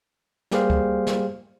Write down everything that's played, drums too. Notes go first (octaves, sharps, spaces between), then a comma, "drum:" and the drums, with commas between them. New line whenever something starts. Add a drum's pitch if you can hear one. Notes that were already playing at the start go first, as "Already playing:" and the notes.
G3 A#3 G4 G#4 C5 F5, drum: snare
drum: kick C#2
drum: snare